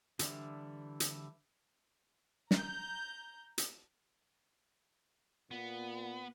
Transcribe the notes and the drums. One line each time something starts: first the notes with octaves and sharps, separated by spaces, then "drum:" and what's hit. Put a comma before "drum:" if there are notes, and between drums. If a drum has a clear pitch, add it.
D3 E3 G3 D4 E4, drum: hi-hat
drum: hi-hat
A#5 G6, drum: snare
drum: hi-hat
A#2 B3